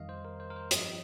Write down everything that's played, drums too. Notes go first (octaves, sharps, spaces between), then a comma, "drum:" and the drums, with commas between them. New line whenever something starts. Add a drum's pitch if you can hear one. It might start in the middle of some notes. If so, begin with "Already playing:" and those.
Already playing: F2 D#3 G3 D#5 F5
C5
A#4
C5
A#4
C5
G2 F3 D#5, drum: hi-hat